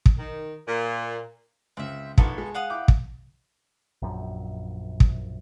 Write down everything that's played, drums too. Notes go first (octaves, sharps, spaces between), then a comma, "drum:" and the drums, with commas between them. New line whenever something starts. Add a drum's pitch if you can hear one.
drum: kick
D#3
A#2
C#2 C4 E5
A#1 D#3 B3 A4 C#5 C6, drum: kick
G#3
F5 F#5 D#6
E4 G5 D6
drum: kick
A#1 F#2
drum: kick